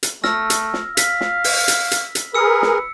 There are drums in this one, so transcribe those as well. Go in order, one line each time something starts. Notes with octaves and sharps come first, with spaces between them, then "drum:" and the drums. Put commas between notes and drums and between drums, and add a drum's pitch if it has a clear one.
drum: hi-hat
A3 E6 F6 A#6, drum: snare
drum: hi-hat
drum: snare
F5 B6, drum: hi-hat
drum: snare
drum: open hi-hat
drum: hi-hat
drum: hi-hat
drum: hi-hat
G#4 A#4 B4 E6 C#7
drum: snare